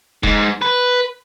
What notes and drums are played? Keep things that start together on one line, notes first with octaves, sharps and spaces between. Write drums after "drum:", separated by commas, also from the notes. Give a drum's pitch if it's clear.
G#2, drum: kick E1
B4